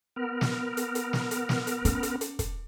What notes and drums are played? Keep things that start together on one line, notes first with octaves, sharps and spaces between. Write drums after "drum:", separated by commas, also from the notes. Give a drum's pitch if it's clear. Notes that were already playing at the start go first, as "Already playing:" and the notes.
B3 A#4
drum: snare
drum: hi-hat
drum: hi-hat
drum: snare
drum: hi-hat
drum: snare
drum: hi-hat
C#4, drum: hi-hat
drum: hi-hat
drum: hi-hat
drum: kick, hi-hat